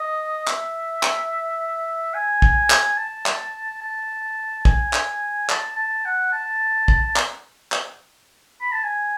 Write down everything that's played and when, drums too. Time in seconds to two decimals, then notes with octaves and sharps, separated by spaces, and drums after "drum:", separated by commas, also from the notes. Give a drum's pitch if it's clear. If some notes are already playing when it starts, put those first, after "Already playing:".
Already playing: D#5
0.47 E5, drum: clap
1.03 drum: clap
2.14 G#5
2.42 drum: kick
2.70 drum: clap
2.97 A5
3.26 drum: clap
3.82 A5
4.65 G#5, drum: kick
4.93 drum: clap
5.49 A5, drum: clap
5.77 A5
6.05 F#5
6.32 A5
6.88 drum: kick
7.16 drum: clap
7.72 drum: clap
8.61 B5
8.72 A5
8.84 G#5